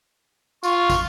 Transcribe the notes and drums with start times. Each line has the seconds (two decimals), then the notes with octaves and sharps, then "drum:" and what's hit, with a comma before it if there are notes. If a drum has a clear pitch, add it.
0.63 F4 C#6, drum: tambourine
0.90 drum: kick, tambourine